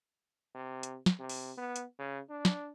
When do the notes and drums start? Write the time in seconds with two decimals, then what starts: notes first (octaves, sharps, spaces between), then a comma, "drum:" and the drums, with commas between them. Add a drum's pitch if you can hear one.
0.55 C3
0.83 drum: hi-hat
1.06 drum: snare
1.19 C3
1.29 drum: open hi-hat
1.57 B3
1.76 drum: hi-hat
1.99 C#3
2.29 D4
2.45 drum: snare